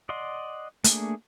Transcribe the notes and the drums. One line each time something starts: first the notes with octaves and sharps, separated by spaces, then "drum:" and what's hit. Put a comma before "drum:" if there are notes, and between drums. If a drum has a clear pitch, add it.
D5 D#5 F#5 C6
A3 A#3 D4 G#4, drum: hi-hat